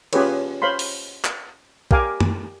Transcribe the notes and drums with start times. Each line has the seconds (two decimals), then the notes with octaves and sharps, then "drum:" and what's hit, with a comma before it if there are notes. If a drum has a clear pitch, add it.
0.13 C#4 F4 G4 G#4 B4 C#5, drum: cymbal
0.62 C5 C#5 F5 B5 C6
0.79 drum: open hi-hat
1.25 drum: clap
1.91 G4 A#4 F5 G#5 D6, drum: kick A#1
2.20 drum: tom F#2